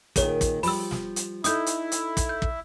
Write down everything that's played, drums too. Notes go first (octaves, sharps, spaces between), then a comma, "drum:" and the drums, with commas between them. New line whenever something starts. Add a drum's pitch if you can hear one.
A#2 D#3 G#4 A#4 C#5, drum: kick, hi-hat
drum: kick, hi-hat
F3 G3 B5 E6, drum: open hi-hat
drum: snare
drum: hi-hat
D#4 E4 A4 D#6 G6, drum: hi-hat
drum: hi-hat
drum: hi-hat
drum: kick, hi-hat
G6
drum: kick